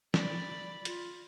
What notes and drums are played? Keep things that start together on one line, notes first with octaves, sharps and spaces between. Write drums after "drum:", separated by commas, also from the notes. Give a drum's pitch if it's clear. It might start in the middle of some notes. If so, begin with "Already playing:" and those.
D5 B5, drum: snare
F4, drum: hi-hat